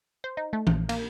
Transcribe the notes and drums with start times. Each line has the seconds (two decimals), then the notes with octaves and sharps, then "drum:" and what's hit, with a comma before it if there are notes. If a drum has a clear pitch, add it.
0.24 C5
0.37 D#4
0.53 A3
0.67 A#1, drum: tom
0.89 A#3, drum: cymbal